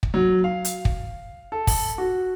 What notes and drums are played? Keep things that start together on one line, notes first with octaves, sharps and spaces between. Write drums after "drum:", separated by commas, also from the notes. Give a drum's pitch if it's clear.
drum: kick
F#3
F5
drum: hi-hat
drum: kick
A4
drum: kick, open hi-hat
F#4